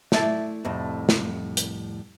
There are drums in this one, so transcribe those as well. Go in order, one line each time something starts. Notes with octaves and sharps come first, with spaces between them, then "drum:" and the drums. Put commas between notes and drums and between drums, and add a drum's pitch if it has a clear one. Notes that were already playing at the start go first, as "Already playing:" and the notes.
A3 E4 D5 A5, drum: snare
C2 F2 A2
drum: snare
drum: hi-hat